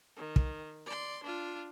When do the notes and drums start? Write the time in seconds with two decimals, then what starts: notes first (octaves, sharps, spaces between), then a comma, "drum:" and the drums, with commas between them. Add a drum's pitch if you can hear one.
0.17 D#3
0.36 drum: kick
0.86 D5 C6
1.23 D4 F4